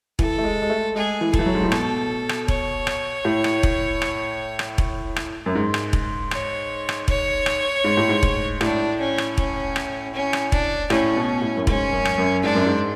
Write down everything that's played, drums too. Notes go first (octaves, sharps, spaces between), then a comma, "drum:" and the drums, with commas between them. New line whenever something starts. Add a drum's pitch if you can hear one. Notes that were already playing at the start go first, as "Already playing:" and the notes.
E3 A4, drum: kick E1
A3
G#3
G#3
A3
G#3 G#4
E3
A4, drum: kick E1
E3
F#3
G#2
A2
B2 A4, drum: rim click
drum: rim click
C#5, drum: kick E1
drum: rim click
A2
drum: rim click
drum: kick E1
drum: rim click
drum: rim click
drum: kick E1
drum: rim click
F#2
G#2
drum: rim click
drum: kick E1
C#5, drum: rim click
drum: rim click
C#5, drum: kick E1
drum: rim click
G#2
A2
G#2
drum: kick E1
A2 D4, drum: rim click
C#4
drum: rim click
C#4, drum: kick E1
drum: rim click
C#4
drum: rim click
D4, drum: kick E1
A2 C#4, drum: rim click
B2
A2
F#2
G#2 C#4, drum: kick E1
F#2
drum: rim click
F#2
G#2 D4
F#2
G#2